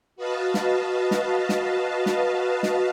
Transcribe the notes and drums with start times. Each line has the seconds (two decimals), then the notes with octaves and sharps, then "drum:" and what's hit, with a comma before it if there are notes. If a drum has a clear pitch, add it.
0.16 F#4 B4 D#5 F5 A5
0.54 drum: snare
1.11 drum: snare
1.49 drum: snare
2.06 drum: snare
2.63 drum: snare